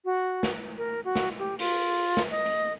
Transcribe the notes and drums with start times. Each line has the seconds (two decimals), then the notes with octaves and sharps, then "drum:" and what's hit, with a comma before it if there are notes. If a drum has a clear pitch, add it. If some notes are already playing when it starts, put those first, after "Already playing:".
0.05 F#4
0.43 drum: snare
0.77 A#4
1.05 F#4
1.15 drum: snare
1.39 G4
1.59 F4, drum: open hi-hat
2.17 drum: snare
2.31 D#5
2.46 drum: hi-hat